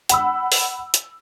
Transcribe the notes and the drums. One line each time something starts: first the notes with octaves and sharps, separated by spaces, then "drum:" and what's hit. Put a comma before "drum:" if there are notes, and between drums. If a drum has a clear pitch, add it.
F#5 B5 E6, drum: hi-hat
drum: open hi-hat
drum: hi-hat